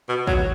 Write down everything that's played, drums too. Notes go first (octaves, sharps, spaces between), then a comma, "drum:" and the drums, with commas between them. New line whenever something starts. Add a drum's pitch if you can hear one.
B2
F#3, drum: kick A1